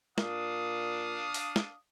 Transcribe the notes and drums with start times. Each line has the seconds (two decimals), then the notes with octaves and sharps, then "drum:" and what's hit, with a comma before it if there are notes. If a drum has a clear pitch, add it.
0.18 A#2 D4 F5 D#6, drum: snare
1.34 drum: open hi-hat
1.56 drum: snare